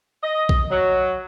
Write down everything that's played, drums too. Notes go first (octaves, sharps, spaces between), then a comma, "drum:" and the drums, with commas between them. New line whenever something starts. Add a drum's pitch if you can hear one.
D#5
drum: kick B1
F#3